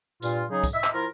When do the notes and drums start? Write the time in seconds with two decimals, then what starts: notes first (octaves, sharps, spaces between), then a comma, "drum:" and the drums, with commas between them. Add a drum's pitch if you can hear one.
0.22 G2 A#2 F4, drum: tambourine
0.50 C#3 F#3 D#4 G#4
0.64 drum: kick, tambourine
0.74 D#5 E5
0.84 drum: clap
0.94 F3 E4 F4 A#4